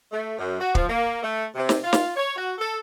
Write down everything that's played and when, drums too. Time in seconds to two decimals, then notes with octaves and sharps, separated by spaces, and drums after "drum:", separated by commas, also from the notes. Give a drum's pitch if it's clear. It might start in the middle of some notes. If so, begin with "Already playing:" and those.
0.12 A3
0.38 F#2
0.60 F#4
0.75 F3, drum: kick
0.88 A#3
1.23 A3
1.55 C3
1.69 drum: snare
1.84 F4
1.93 drum: snare
2.16 C#5
2.35 F#4
2.58 A4